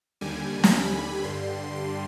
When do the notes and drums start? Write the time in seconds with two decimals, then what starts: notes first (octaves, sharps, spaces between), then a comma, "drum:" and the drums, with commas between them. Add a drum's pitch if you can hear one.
0.21 D#2 D3 G3 G#5
0.64 drum: snare
0.73 B5
1.24 G2 D3 G3 C6
1.75 C6